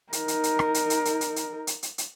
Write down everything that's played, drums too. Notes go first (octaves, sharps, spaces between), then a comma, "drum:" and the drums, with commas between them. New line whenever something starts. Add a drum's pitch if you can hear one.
D#4 A#4, drum: hi-hat
drum: hi-hat
drum: hi-hat
drum: rim click
drum: hi-hat
drum: hi-hat
drum: hi-hat
drum: hi-hat
drum: hi-hat
drum: hi-hat
drum: hi-hat
drum: hi-hat